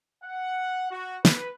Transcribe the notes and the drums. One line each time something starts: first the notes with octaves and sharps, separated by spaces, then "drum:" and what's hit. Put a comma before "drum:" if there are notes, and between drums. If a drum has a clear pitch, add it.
F#5
F#4
B4, drum: snare